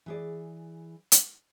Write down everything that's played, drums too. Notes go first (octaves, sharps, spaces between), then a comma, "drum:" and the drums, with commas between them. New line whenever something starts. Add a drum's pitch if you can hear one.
E3 G#4 D5
drum: hi-hat